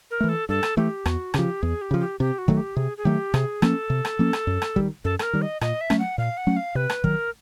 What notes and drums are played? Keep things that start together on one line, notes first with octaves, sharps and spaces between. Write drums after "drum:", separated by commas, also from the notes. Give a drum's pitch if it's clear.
A#4
E3 A3
A4
G2 A4
drum: rim click
E3 A3 G4
E2 F#4, drum: rim click
C#3 F3 G4, drum: rim click
E2 G#4
G4
C#3 F3
G4
C3 G4
F#4
D#3 F#3 A3, drum: kick
G4
C3 G#4
G#4
D#3 F#3 A3 G4
C3 G#4, drum: rim click
F3 A#3 C#4 A4, drum: rim click
C3
drum: rim click
F3 A#3 C#4
drum: rim click
F#2
drum: rim click
D#3 G3, drum: kick
F#2 A4
A4, drum: rim click
A#4
D#3 G3
D#5
A#2 D#5, drum: rim click
E5
F#3 A3 C#4, drum: rim click
F#5
A#2 F5
F#5
F#3 A3 C#4
F5
C3 B4
drum: rim click
D#3 F#3 A#4, drum: kick